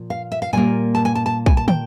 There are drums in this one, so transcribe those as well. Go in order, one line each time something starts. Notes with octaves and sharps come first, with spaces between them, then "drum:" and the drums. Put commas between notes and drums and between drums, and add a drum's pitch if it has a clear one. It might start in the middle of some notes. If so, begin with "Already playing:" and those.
Already playing: A#2 F3
F5
E5
F5
A#2 G3 A#3 G#5
A5
G#5
A5
A5
G#5, drum: kick
A5
G5, drum: tom